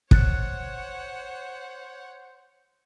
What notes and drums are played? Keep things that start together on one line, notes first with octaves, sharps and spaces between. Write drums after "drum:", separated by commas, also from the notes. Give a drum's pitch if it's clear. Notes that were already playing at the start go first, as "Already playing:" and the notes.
C5 C#5 F#5 F#6 A6 C#7, drum: kick